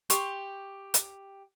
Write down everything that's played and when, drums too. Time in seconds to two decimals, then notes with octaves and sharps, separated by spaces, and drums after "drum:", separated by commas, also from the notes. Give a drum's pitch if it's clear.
0.10 G4 C6 C#6, drum: hi-hat
0.94 drum: hi-hat